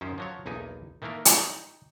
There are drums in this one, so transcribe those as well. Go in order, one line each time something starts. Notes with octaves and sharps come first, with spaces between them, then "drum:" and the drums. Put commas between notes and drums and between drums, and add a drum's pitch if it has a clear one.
F#2 D#3 C#4 C5
F3 F#3 C#5
B1 E2 A#3 D#4 G#5
D#3 E3 A3 A#3 A#4 B4
drum: hi-hat
D#4